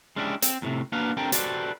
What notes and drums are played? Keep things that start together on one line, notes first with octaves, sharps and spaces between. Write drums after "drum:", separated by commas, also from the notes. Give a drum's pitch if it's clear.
G#3 C#4 D4 E4 G4
C4, drum: hi-hat
E2 A2 C3
A#3 B3 D4 F#4 B4 F5
C4 D4 G4 A4 A#4 G5
F#4 G4 A4 B4 C5 D5, drum: hi-hat